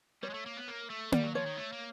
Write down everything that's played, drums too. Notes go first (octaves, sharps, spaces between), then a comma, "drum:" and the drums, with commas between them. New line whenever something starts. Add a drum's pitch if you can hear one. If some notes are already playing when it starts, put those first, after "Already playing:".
G3 C#5
G#3
A3
A#3
B3
A#3
A3
G3 D5, drum: tom A#3
F#3
F3 C#5
D#3
A3
A#3